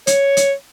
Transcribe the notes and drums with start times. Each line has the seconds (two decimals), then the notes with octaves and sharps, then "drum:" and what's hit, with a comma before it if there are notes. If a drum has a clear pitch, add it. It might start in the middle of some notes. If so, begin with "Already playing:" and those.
0.07 C#5, drum: hi-hat
0.37 drum: hi-hat